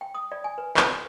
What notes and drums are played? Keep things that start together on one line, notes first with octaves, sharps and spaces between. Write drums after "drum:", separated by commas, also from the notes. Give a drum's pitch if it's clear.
G5
D#6
D5
G#5
B4
B4, drum: clap
A4